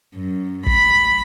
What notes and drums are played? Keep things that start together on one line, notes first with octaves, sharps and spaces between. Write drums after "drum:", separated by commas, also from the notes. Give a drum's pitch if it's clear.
F#2
B5, drum: kick